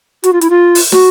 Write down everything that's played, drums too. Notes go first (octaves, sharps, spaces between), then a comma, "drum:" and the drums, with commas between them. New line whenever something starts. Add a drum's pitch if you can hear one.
F#4, drum: hi-hat
F4
E4, drum: hi-hat
F4
drum: open hi-hat
F#4, drum: snare